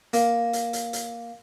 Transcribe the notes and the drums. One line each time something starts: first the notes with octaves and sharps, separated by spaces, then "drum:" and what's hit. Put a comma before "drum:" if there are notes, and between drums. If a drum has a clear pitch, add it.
A#3, drum: hi-hat
drum: hi-hat
drum: hi-hat
drum: hi-hat